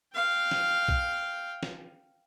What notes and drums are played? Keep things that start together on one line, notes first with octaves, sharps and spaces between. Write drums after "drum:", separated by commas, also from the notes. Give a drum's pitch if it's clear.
F5 G5
drum: snare
drum: kick A#1
drum: snare